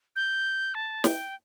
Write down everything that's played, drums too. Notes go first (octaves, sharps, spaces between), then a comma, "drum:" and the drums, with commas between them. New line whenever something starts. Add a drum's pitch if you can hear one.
G6
A5
G5, drum: snare